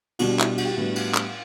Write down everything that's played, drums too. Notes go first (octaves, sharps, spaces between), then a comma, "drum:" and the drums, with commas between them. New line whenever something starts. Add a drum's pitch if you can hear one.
B2 G3 D4 F#4, drum: cymbal
E4, drum: clap
F#4, drum: cymbal
G4
F#4
A2 G3 B3 D4
drum: cymbal
drum: clap